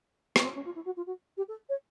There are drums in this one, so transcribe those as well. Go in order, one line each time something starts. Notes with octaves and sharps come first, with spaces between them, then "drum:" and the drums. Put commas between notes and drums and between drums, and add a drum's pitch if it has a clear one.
B3, drum: rim click
C4
C#4
F4
E4
F#4
F4
F#4
G4
A4
C#5